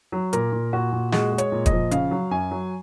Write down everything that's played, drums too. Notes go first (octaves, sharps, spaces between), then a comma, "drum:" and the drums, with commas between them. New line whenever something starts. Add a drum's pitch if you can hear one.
F#3
A#2 A#4, drum: hi-hat
A#2
A#2 F#4
A#2
G#3 F#4, drum: snare
G#3
C#5, drum: hi-hat
A#2
D#5, drum: kick, hi-hat
F3
C#3 F5, drum: hi-hat
F#3
F#2 G#5
F#3